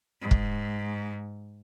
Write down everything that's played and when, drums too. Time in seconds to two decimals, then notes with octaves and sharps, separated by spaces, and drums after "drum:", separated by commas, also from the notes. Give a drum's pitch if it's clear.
0.22 G#2
0.31 drum: kick